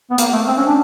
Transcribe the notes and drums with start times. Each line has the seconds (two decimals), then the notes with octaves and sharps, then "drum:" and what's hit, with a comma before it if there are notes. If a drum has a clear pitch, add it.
0.10 B3
0.18 A#3, drum: hi-hat
0.33 A3
0.48 C4
0.57 C#4
0.67 D4